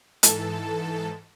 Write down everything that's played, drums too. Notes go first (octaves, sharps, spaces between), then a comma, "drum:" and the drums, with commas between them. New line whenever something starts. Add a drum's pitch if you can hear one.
G#2 E3 A4 A5, drum: hi-hat